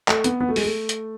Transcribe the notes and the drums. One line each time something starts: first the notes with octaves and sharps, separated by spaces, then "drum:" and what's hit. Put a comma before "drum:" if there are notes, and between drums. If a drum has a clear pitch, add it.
A3, drum: clap
B3, drum: hi-hat
B3
A3
G#3, drum: open hi-hat
A3
drum: hi-hat